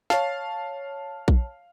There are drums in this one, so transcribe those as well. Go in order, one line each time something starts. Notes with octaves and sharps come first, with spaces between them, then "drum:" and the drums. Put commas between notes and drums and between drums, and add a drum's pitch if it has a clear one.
C#5 F5 A5, drum: snare
drum: kick A#1